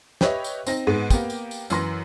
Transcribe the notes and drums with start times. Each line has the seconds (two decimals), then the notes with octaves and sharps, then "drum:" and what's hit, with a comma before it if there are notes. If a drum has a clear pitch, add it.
0.21 G4 B4 C#5 D#5 E5, drum: snare
0.44 drum: tambourine
0.67 C4 D#4 A#6, drum: tambourine
0.87 G#2 G#3 B3
1.10 A#3 B3 G4, drum: kick, tambourine
1.30 drum: tambourine
1.51 drum: tambourine
1.70 F#2 E3 C6 A#6, drum: tambourine